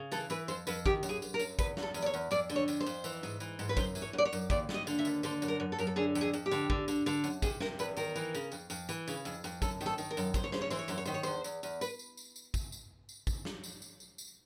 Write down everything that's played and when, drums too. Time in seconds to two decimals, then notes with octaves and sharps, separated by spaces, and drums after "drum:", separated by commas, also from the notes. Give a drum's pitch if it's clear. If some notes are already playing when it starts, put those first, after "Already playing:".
Already playing: C#3
0.11 E3 A4, drum: tambourine
0.30 E3 B4, drum: tambourine
0.48 F2 C5, drum: tambourine
0.67 F2 B4, drum: tambourine
0.86 D#3 G4, drum: kick
1.03 F#2, drum: tambourine
1.09 G#4
1.22 F#2, drum: tambourine
1.34 A#4
1.39 F#2, drum: tambourine
1.59 E2 B4, drum: kick, tambourine
1.77 E2, drum: snare
1.82 A4
1.94 E2, drum: tambourine
2.02 D5
2.06 C#5
2.14 E2, drum: tambourine
2.31 F2 D5, drum: tambourine
2.49 D3, drum: tambourine
2.56 C#5
2.68 F2, drum: tambourine
2.81 C5
2.86 F2, drum: tambourine
3.04 E3, drum: tambourine
3.23 G#2, drum: tambourine
3.40 E3, drum: tambourine
3.59 G#2, drum: tambourine
3.69 B4
3.77 F#2 C5, drum: kick, tambourine
3.95 E3, drum: tambourine
4.02 C#5
4.13 F#2
4.18 D5
4.25 C#5
4.33 F#2, drum: tambourine
4.50 D#2 D5, drum: kick, tambourine
4.69 D#2, drum: snare
4.74 D#5
4.87 D3, drum: tambourine
4.99 E5
5.05 D#2, drum: tambourine
5.23 D3 C5, drum: tambourine
5.42 F#2, drum: tambourine
5.48 A#4
5.60 F#2
5.72 A4
5.78 F#2 A#4, drum: tambourine
5.87 A4
5.96 D3 G#4
6.15 F2, drum: tambourine
6.21 G#4
6.33 F2, drum: tambourine
6.46 G4
6.51 D3, drum: tambourine
6.70 D3, drum: kick
6.88 D3, drum: tambourine
7.06 D3, drum: tambourine
7.24 F#2, drum: tambourine
7.42 C3 G#4, drum: kick, tambourine
7.60 C3 A#4, drum: snare
7.79 E2 B4, drum: tambourine
7.97 D#3 A#4, drum: tambourine
8.16 E3, drum: tambourine
8.34 C#3, drum: tambourine
8.52 F2, drum: tambourine
8.70 F2, drum: tambourine
8.89 E3, drum: tambourine
9.08 C#3, drum: tambourine
9.25 F2, drum: tambourine
9.44 F2, drum: tambourine
9.62 F#2 A4, drum: kick, tambourine
9.81 D#3, drum: tambourine
9.86 A4
9.98 D#3, drum: tambourine
10.11 A#4
10.17 F#2, drum: tambourine
10.34 F#2 C5, drum: kick, tambourine
10.44 C#5
10.52 C#3 C5, drum: snare
10.62 C#5
10.70 E3 C5, drum: tambourine
10.79 C#5
10.88 F#2 C5, drum: tambourine
10.98 C#5
11.05 D#3 C5, drum: tambourine
11.14 C#5
11.23 E2 C5, drum: tambourine
11.44 E2, drum: tambourine
11.63 E2, drum: tambourine
11.81 B4, drum: tambourine
11.99 drum: tambourine
12.17 drum: tambourine
12.36 drum: tambourine
12.54 drum: kick, tambourine
12.72 drum: tambourine
13.09 drum: tambourine
13.27 drum: kick, tambourine
13.45 drum: snare
13.63 drum: tambourine
13.82 drum: tambourine
14.00 drum: tambourine
14.18 drum: tambourine